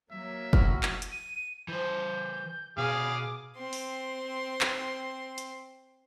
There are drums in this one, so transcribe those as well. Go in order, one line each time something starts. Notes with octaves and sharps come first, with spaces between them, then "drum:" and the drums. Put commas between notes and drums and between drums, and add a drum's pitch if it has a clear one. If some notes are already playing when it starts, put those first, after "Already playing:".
F#3 A#3 E5
A2 F#4 F6, drum: kick
drum: clap
drum: hi-hat
D#7
E3 C5 G6
B2 G#4 F5 D6
C4 C6
drum: open hi-hat
drum: clap
drum: hi-hat